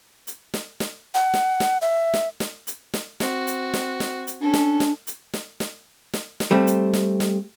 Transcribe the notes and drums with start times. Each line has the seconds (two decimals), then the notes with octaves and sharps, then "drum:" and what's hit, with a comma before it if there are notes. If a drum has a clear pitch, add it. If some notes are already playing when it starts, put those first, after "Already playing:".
0.27 drum: hi-hat
0.54 drum: snare
0.80 drum: snare
1.15 F#5
1.34 drum: snare
1.60 drum: snare
1.82 E5
2.14 drum: snare
2.40 drum: snare
2.67 drum: hi-hat
2.94 drum: snare
3.20 C4 F#4, drum: snare
3.47 drum: hi-hat
3.74 drum: snare
4.00 drum: snare
4.27 drum: hi-hat
4.41 C#4 D4 A4
4.54 drum: snare
4.80 drum: snare
5.07 drum: hi-hat
5.34 drum: snare
5.60 drum: snare
6.13 drum: snare
6.40 drum: snare
6.51 G3 A3 C4
6.67 drum: hi-hat
6.93 drum: snare
7.20 drum: snare